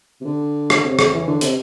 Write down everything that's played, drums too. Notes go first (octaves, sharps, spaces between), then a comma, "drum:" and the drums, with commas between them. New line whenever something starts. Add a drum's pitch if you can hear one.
C3
D3
drum: rim click
C3
C3, drum: rim click
E3
D3
C3, drum: hi-hat